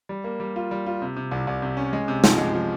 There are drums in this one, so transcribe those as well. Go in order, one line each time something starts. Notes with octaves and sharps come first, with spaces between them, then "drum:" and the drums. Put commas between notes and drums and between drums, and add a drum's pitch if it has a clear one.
G3
A#3
G3
F4
G3
F4
C3
C3
C2
C2
C3
C#4
G#3
C3
F3, drum: snare
G#3
F3